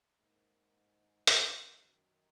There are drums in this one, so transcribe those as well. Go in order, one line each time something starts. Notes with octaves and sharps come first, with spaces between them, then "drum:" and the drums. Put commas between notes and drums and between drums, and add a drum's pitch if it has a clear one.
G#2 A#3
D#3
C#3, drum: hi-hat
D#3
F#2 D#3